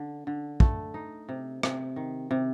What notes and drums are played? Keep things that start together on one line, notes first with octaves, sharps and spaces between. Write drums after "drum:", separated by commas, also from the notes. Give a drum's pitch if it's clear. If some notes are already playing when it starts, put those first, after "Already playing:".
Already playing: D3
D3
A3, drum: kick
D#4
C3
C3, drum: rim click
D#3
C3